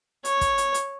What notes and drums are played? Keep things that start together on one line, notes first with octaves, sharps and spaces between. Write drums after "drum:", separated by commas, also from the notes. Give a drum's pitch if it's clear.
C#5, drum: hi-hat
drum: kick, hi-hat
drum: hi-hat
drum: hi-hat